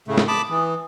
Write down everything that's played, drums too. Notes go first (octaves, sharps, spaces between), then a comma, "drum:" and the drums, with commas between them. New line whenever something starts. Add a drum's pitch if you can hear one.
A2 C#3 A3
drum: snare
A5 B5 D6 D#6
E3